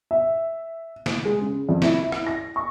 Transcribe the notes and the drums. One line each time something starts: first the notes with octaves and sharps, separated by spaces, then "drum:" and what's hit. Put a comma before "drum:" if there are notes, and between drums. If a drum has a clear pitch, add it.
E5
drum: snare
G#3
C#3
F2
E4, drum: snare
drum: rim click
A#6
C#6